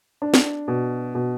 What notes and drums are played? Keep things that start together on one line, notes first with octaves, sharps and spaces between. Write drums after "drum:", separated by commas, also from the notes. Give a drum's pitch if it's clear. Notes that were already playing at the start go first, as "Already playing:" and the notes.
D4
drum: snare
B2
B2